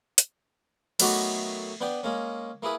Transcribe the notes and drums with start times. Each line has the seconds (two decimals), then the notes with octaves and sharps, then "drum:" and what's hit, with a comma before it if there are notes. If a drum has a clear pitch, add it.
0.18 drum: hi-hat
1.00 D#3 F#3 A3 B3 F#4 D6, drum: cymbal
1.81 B3 D4 B4 G5
2.03 G#3 A#3 C#4
2.63 A#3 E4 G#4 B4